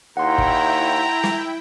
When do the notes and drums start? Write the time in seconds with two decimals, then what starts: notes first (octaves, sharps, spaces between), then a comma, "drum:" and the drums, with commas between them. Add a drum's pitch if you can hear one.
0.17 D#2 E4 F#5 G5 A#5 C6
0.38 drum: kick G1
1.23 drum: snare